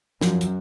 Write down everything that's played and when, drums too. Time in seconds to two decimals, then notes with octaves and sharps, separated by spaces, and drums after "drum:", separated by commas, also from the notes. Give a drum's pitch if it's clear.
0.21 F#2 F3, drum: snare
0.41 drum: hi-hat